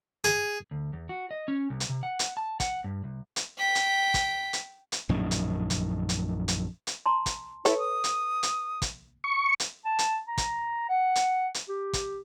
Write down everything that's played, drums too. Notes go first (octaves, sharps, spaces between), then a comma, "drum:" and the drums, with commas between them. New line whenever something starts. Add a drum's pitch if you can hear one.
G#4, drum: hi-hat
D2
E2
F#4
D#5
C#4
C2
drum: hi-hat
C3
F#5
drum: hi-hat
A5
F#5, drum: kick, hi-hat
G2
C2
drum: hi-hat
G5 B6
drum: hi-hat
drum: kick, hi-hat
drum: hi-hat
drum: hi-hat
A#1 F#2 A2 D#3
drum: hi-hat
drum: kick, hi-hat
drum: hi-hat
drum: hi-hat
drum: hi-hat
A5 A#5 C6
drum: kick, hi-hat
E4 A4 B4 C#5, drum: hi-hat
D#6
drum: hi-hat
drum: hi-hat
drum: kick, hi-hat
C#6
drum: hi-hat
A5
drum: hi-hat
A#5
drum: kick, hi-hat
F#5
drum: hi-hat
drum: hi-hat
G4
drum: kick, hi-hat